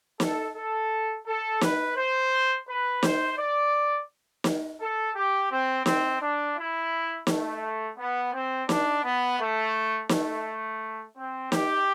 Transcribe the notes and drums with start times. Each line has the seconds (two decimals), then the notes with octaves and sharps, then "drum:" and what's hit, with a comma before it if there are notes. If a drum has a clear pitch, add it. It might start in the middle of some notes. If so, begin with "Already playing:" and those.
0.20 A4, drum: snare
0.55 A4
1.26 A4
1.61 B4, drum: snare
1.97 C5
2.68 B4
3.03 C5, drum: snare
3.38 D5
4.44 drum: snare
4.80 A4
5.15 G4
5.51 C4
5.86 C4, drum: snare
6.21 D4
6.57 E4
7.27 A3, drum: snare
7.98 B3
8.33 C4
8.69 D4, drum: snare
9.03 B3
9.39 A3
10.09 A3, drum: snare
11.17 C4
11.52 G4, drum: snare